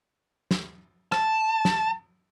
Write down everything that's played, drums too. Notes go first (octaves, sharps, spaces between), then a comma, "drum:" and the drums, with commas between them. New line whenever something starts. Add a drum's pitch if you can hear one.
drum: snare
A5, drum: rim click
drum: snare